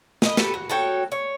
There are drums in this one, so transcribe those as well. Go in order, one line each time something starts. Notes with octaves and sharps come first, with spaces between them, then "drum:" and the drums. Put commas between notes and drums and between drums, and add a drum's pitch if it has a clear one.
B4 D#5, drum: snare
F#4 G4 A4 B4, drum: snare
F#4
F#4 A4 C#5 G5
C#5